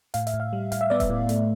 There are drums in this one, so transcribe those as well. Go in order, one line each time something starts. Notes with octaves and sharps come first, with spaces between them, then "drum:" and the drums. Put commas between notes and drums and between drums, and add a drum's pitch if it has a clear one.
A2 F5, drum: hi-hat
E5, drum: hi-hat
A2
F5
G3
A2 F5, drum: hi-hat
E5
B3 D5
E5, drum: kick D#1, hi-hat
A2
A3, drum: hi-hat